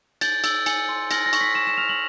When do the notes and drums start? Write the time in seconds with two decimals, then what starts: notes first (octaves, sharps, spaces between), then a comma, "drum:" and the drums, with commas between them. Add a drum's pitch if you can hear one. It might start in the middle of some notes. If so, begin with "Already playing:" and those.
0.21 G6 A6, drum: cymbal
0.44 E6, drum: cymbal
0.66 G#5 C#7, drum: cymbal
0.89 C6
1.11 F6 A#6, drum: cymbal
1.26 A#6
1.33 C#6, drum: cymbal
1.41 B6
1.55 C#6 E7
1.67 E7
1.77 F6 F7
1.89 F#7